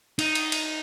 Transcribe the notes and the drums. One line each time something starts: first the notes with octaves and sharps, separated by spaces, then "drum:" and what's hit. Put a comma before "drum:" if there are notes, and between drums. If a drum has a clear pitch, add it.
D#4, drum: cymbal
drum: cymbal
drum: cymbal